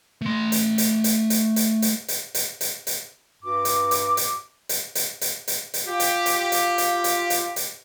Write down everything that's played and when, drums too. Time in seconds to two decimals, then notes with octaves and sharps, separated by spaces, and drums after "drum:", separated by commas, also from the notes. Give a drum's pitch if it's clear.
0.22 A3 C6
0.52 drum: hi-hat
0.78 drum: hi-hat
1.04 drum: hi-hat
1.30 drum: hi-hat
1.56 drum: hi-hat
1.82 drum: hi-hat
2.08 drum: hi-hat
2.35 drum: hi-hat
2.61 drum: hi-hat
2.87 drum: hi-hat
3.43 G2 F#4 D6
3.65 drum: hi-hat
3.91 drum: hi-hat
4.17 drum: hi-hat
4.69 drum: hi-hat
4.95 drum: hi-hat
5.21 drum: hi-hat
5.48 drum: hi-hat
5.74 drum: hi-hat
5.87 F4 G4
6.00 drum: hi-hat
6.26 drum: hi-hat
6.52 drum: hi-hat
6.78 drum: hi-hat
7.04 drum: hi-hat
7.30 drum: hi-hat
7.56 drum: hi-hat